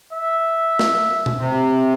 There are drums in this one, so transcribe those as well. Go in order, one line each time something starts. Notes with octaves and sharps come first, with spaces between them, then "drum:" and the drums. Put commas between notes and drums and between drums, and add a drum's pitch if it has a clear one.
E5
drum: snare
drum: tom B2
C3